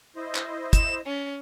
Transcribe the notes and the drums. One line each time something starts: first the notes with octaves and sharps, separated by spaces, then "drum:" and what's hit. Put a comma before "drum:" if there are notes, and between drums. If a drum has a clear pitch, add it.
E4 C5 D#5
drum: clap
E7, drum: kick, hi-hat
C#4